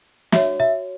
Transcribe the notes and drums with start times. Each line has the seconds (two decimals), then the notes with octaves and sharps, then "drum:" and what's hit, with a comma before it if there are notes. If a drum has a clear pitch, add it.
0.32 F#4 C#5 E5, drum: snare
0.60 E5